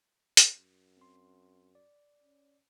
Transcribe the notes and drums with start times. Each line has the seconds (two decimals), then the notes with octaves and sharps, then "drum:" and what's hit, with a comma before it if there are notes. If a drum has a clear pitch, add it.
0.37 drum: hi-hat
0.56 F#2
0.97 C4 C6
1.75 D5
2.23 C#4